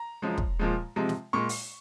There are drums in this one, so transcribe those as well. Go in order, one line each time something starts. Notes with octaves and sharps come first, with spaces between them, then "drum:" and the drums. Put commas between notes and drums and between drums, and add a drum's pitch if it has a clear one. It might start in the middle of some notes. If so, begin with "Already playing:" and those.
Already playing: A#5
F#2 C#3 F3 G#3
drum: kick
A#2 F3 G#3
C3 F3 G#3
drum: snare
A#2 G#3 C#6
drum: open hi-hat